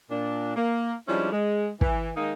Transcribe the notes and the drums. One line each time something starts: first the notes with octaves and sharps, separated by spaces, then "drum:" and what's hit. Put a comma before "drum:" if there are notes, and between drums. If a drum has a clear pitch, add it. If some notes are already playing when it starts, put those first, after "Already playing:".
A#2 D4
A#3
F3 G3 G#3 C#4 D4 E4
G#3
E3, drum: kick
D#3 G#3 A#3 D#4